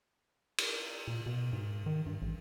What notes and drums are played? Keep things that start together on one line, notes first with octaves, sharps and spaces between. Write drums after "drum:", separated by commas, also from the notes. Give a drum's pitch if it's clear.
drum: cymbal
A#2
B2
G#2
D#3
G2
A1